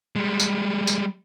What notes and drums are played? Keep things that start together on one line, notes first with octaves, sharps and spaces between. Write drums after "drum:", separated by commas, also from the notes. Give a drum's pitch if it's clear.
G3 G#3
drum: tambourine
drum: tambourine